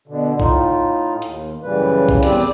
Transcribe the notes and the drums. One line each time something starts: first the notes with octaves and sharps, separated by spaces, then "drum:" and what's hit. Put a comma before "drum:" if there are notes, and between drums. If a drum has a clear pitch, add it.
B2 D3
A2 D#4 F4, drum: kick
D#2, drum: hi-hat
F#2 A2 C#3 E3 G3 B4
drum: kick
E2 G3 C4 G4, drum: cymbal